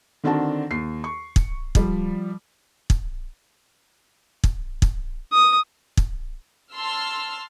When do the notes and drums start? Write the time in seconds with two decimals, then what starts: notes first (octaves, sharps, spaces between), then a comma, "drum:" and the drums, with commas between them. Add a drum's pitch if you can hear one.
0.24 D3 D#3 C4 D4 F#4 A5
0.71 D#2 C7
1.04 C#6
1.36 drum: kick
1.75 F3 G3, drum: kick
2.90 drum: kick
4.44 drum: kick
4.82 drum: kick
5.33 D#6
5.97 drum: kick
6.74 A5 C6 E6 F6